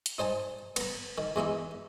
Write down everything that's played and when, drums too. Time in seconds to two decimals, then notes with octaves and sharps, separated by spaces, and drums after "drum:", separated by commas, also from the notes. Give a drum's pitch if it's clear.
0.06 drum: hi-hat
0.18 D#4 C5 G#5 A5
0.76 B3 A#5, drum: cymbal
1.18 D#3
1.36 E2 G#3 D#4 E4